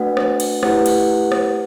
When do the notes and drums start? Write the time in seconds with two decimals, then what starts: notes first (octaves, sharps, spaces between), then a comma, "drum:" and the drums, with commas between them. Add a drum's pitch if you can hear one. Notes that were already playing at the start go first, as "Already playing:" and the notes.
Already playing: A3 D4 F#4 B4 F#5
0.17 drum: rim click
0.40 drum: cymbal
0.63 A3 E4 G4 B4 F#5, drum: rim click
0.86 drum: cymbal
1.32 drum: rim click